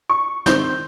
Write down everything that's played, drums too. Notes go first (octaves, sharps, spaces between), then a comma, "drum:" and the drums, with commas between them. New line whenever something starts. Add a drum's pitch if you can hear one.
C#6
D#3 C4 G6, drum: snare